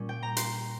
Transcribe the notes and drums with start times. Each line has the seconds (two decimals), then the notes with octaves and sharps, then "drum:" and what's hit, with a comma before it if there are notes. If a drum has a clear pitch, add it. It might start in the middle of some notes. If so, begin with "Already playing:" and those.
Already playing: A#2 G3 C#4
0.09 G5
0.23 A#5
0.37 C6, drum: hi-hat